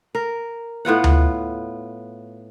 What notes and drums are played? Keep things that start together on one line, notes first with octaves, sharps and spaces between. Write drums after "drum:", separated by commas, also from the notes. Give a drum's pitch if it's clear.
A#4
A2 B3 F4 F#5
drum: tom D2